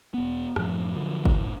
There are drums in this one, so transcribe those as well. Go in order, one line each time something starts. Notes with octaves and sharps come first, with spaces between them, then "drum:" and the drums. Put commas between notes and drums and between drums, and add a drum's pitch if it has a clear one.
E1 B3
F#2 A2 F3 A3, drum: rim click
D3 F3 F#3
drum: kick G1
F#2 A2